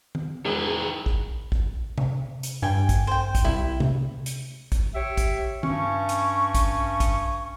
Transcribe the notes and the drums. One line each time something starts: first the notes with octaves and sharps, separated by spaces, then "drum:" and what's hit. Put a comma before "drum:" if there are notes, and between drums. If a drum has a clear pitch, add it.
drum: tom D#3
E1 D#3 G#4 B4
drum: kick
drum: kick
drum: tom C3
drum: hi-hat
G2 G5 G#5
drum: kick, hi-hat
C5 G5
drum: kick, hi-hat
C2 E4
drum: tom C3
drum: hi-hat
drum: kick, hi-hat
G4 C#5 E5
drum: kick, hi-hat
G2 C#4 C#6, drum: tom D#3
drum: hi-hat
drum: kick, hi-hat
drum: kick, hi-hat